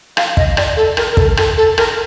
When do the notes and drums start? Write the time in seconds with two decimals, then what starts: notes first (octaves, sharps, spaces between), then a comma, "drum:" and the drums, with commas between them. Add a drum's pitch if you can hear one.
0.17 F5, drum: rim click
0.37 D#5, drum: kick
0.57 D5, drum: rim click
0.77 A4
0.97 A#4, drum: rim click
1.12 A#4
1.17 A4, drum: kick
1.37 A4, drum: rim click
1.57 A4
1.78 A#4, drum: rim click